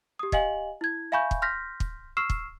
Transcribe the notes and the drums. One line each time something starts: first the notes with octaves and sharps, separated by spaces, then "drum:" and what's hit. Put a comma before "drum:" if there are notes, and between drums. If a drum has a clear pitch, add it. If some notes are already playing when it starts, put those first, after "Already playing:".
G4 D#6
G4 D#5 F5 G#5 F#7, drum: kick
E4 G#6
E5 F5 G#5 B5 C#6 G6
drum: kick
C6 F6 G6 A#6 B6
drum: kick
C#6 E6 F6 C7 E7
drum: kick